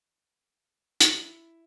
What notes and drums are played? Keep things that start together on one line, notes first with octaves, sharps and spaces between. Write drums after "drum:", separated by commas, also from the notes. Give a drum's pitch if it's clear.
drum: hi-hat
E4